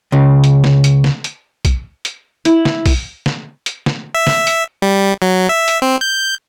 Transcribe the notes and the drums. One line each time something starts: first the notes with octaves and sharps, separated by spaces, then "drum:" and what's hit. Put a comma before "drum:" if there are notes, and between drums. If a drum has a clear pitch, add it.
C#2 C#3
drum: hi-hat
drum: snare
drum: hi-hat
drum: snare
drum: hi-hat
drum: kick, hi-hat
drum: hi-hat
E4, drum: hi-hat
drum: snare
drum: kick, open hi-hat
drum: snare
drum: hi-hat
drum: snare
E5
drum: snare
drum: hi-hat
G3
F#3
E5
drum: hi-hat
C4
G6